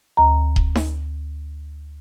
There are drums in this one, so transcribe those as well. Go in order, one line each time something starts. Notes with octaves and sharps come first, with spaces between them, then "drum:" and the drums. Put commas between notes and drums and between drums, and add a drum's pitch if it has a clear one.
D2 A#5
drum: kick D#1
drum: snare D#4